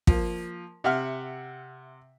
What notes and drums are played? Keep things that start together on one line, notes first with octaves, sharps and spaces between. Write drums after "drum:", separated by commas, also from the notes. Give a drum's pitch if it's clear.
F3 A#3, drum: kick
C3 E5 F#5 F6